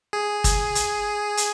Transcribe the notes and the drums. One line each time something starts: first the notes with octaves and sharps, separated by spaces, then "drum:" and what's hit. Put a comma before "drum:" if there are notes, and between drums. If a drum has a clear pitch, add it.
G#4
drum: kick, hi-hat
drum: hi-hat
drum: hi-hat